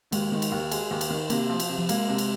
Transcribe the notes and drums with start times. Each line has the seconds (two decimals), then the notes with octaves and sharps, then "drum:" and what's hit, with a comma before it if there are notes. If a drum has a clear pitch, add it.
0.12 D#2 G#3, drum: cymbal
0.32 D#3
0.42 drum: cymbal
0.52 D#2
0.72 G#3, drum: cymbal
0.91 D#2
1.01 drum: cymbal
1.10 D#3
1.30 C3 A#3, drum: cymbal
1.50 F3
1.60 drum: cymbal
1.69 C3
1.79 F3
1.89 G#3 A#3, drum: cymbal
2.09 C3
2.18 drum: cymbal